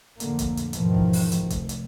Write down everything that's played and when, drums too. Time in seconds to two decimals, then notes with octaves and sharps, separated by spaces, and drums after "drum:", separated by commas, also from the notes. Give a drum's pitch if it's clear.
0.20 F2 A2 D3 A#3, drum: hi-hat
0.39 drum: kick, hi-hat
0.57 drum: hi-hat
0.73 E2 G#2 B2 D#3 F3, drum: hi-hat
0.95 drum: kick
1.13 drum: open hi-hat
1.32 drum: hi-hat
1.41 F1
1.50 drum: kick, hi-hat
1.69 drum: hi-hat